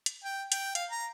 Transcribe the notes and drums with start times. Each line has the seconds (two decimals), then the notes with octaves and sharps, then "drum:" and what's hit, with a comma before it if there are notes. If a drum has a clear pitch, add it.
0.06 drum: hi-hat
0.24 G5
0.52 G5, drum: hi-hat
0.75 F5, drum: hi-hat
0.90 A#5